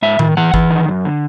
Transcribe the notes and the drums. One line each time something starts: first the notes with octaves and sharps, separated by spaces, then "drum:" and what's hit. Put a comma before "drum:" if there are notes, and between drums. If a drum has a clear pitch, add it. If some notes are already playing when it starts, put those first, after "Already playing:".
G#2 E5
D#3, drum: tom A2
E3 F#5
E3, drum: kick G1
D#3
F#2
D3